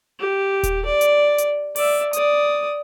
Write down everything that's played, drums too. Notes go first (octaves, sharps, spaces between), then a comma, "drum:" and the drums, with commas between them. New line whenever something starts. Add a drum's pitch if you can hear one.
G4
drum: kick D#1, hi-hat
D5
drum: hi-hat
drum: hi-hat
D5 E5, drum: open hi-hat
D5 D#6, drum: hi-hat